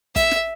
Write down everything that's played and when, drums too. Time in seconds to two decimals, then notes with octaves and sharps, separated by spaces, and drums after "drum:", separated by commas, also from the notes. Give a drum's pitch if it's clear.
0.16 E5, drum: kick, hi-hat
0.31 drum: snare